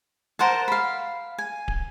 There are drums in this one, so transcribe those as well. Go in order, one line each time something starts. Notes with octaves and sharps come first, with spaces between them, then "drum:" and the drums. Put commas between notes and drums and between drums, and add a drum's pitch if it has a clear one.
A#4 C5 F#5 A5
F5 B5
G#5
drum: kick